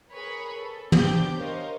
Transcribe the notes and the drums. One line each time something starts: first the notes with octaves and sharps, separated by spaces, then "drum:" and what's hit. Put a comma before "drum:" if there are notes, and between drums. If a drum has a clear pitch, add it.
G#4 A#4 B4 C#5 B5 C#6
A4
B3 D4 G4 C5 D6 G6, drum: tom
A#4 C5 C#5 D#5 F5